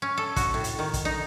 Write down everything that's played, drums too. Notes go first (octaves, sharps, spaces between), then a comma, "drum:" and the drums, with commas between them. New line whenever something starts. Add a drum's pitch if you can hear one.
C#4
A4
F#4, drum: kick, hi-hat
A2
drum: hi-hat
D#3
drum: kick, hi-hat
D#4